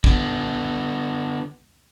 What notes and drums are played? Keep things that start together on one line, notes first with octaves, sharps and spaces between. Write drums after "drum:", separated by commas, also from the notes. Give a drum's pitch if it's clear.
D3 B3, drum: kick